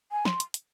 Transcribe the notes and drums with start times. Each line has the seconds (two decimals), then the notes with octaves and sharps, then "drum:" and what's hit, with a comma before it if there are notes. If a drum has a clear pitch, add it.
0.12 G#5
0.25 C6, drum: snare
0.40 drum: hi-hat
0.54 drum: hi-hat